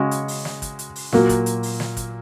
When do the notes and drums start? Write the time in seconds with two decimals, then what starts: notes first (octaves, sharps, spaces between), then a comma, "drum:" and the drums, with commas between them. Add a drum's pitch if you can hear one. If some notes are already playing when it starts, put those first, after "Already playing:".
Already playing: C#3 G#3 F#4
0.11 drum: hi-hat
0.28 drum: open hi-hat
0.45 drum: snare
0.62 drum: kick, hi-hat
0.79 drum: hi-hat
0.96 drum: open hi-hat
1.12 A#2 F#3 A#3, drum: snare
1.29 drum: kick, hi-hat
1.46 drum: hi-hat
1.63 drum: open hi-hat
1.80 drum: snare
1.97 drum: kick, hi-hat